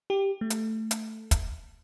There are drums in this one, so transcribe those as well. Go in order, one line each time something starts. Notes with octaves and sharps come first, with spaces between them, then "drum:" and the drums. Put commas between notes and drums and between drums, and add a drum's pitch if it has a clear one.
G4
A3
drum: hi-hat
drum: hi-hat
drum: kick, hi-hat